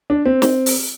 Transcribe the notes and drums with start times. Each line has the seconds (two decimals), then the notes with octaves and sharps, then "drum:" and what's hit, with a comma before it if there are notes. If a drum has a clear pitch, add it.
0.10 D4
0.26 C4
0.42 drum: snare
0.66 drum: open hi-hat